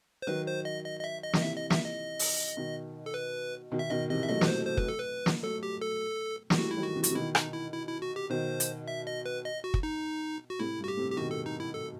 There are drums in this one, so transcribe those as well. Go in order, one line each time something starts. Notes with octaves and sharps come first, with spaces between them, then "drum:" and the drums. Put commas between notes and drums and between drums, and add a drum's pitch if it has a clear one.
C5
D#3 F#3 B4
C5
D#5
D#5
D#5
E5
D#5
D#3 D#5, drum: snare
C3 E3 E5
D#5
E5, drum: snare
D#5
drum: open hi-hat
B2 D#3
A4
B4
B2 D#3
E5
B2 D#3 D#5
C3 E3 D#5
E5
F#3 A3 D#5
B4, drum: snare
C5
C5
B4, drum: kick
A4
B4
drum: snare
F#3 A3 A4
G4
A4
A3, drum: snare
E3 G3 F#4
E4
D#3 F#3
F#4
C3 E3
F#4, drum: hi-hat
C3
B2 D#3 E4
D#4, drum: rim click
E4
E4
E4
F#4
G4
B2 D#3 C5
drum: hi-hat
E5
D#5
B4
D#5
F#4
drum: kick
D#4
F#4
A2 C3 E4
G2
F#4
G4
A2 C3
G4
B2 D#3 F#4
A4
D#4
E4
A4